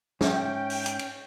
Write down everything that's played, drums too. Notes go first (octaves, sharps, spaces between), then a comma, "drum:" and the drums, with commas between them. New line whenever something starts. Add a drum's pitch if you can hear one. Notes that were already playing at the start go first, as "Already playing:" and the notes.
G#2 C#4 E5 G5, drum: snare
drum: open hi-hat
drum: hi-hat
drum: cymbal